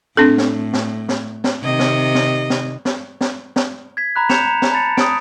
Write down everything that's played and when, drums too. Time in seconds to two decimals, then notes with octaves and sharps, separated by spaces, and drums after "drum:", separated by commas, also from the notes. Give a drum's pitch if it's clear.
0.17 A2 C4 D4 A4
0.38 drum: snare
0.73 drum: snare
1.09 drum: snare
1.44 drum: snare
1.62 C3 D#3 D#5
1.79 drum: snare
2.15 drum: snare
2.50 drum: snare
2.85 drum: snare
3.21 drum: snare
3.56 drum: snare
3.97 G#6 B6
4.16 A#5 B5 F#6
4.29 G6 C#7 E7 F7, drum: snare
4.47 A#5
4.62 drum: snare
4.72 A5 B5 A6 C#7
4.97 D#6 D7, drum: snare